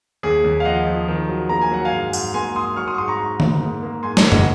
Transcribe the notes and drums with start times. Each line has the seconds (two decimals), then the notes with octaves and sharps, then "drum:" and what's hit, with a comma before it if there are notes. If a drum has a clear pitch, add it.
0.23 D#2 G#4
0.44 D#2
0.60 F5
0.65 F3 D#5 F#5
0.87 F3
1.08 D#3
1.28 F#3
1.49 A#3 A#5
1.61 G#5
1.72 F#3 F#5
1.85 F5 G#5
1.92 G#2
2.13 G#2, drum: tambourine
2.34 A#3 G#5 C6
2.56 G#2 C6 D#6
2.76 F#3 C#6 F6
2.87 C6 D#6
2.94 C#6
2.98 G#2 C6 D#6
3.08 A#5 C#6
3.19 G#2
3.40 A#3, drum: tom D3
3.61 G#2
3.83 A#3
4.03 G#2 G#5 C6
4.17 A#4 C#5, drum: snare G3
4.25 D#3
4.32 D#5 F#5, drum: tom